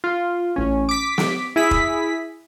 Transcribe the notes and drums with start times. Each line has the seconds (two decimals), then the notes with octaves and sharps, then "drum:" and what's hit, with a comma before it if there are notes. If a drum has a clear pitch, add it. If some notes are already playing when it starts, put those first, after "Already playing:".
0.04 F4
0.56 A1 C#4
0.89 D6 B6
1.18 drum: snare
1.56 E4 G#4 B6
1.71 drum: kick